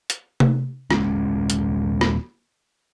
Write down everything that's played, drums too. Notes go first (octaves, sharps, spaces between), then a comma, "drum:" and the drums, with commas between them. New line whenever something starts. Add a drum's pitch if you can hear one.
drum: hi-hat
drum: tom C3
D#1 E2 G#3 C#4, drum: rim click
drum: hi-hat
drum: rim click